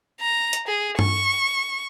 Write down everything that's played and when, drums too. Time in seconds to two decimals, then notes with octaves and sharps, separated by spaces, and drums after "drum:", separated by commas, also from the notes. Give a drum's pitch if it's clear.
0.21 A#5
0.53 drum: hi-hat
0.68 G#4
0.99 C#6, drum: tom G2